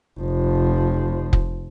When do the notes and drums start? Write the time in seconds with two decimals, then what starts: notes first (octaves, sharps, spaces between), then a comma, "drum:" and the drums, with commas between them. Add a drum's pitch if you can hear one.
0.20 F1 F3
1.33 drum: kick